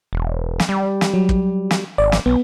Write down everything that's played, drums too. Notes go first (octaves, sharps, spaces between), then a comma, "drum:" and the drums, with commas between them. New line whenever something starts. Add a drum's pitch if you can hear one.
E1
drum: snare
G3
drum: snare
F#3
drum: kick
drum: snare
G#1 D5
drum: snare
B1 B3